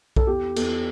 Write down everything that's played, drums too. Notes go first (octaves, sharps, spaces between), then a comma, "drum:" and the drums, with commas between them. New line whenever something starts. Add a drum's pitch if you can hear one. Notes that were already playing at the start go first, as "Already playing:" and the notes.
A4, drum: kick B1
E2 G4
E2 A4, drum: cymbal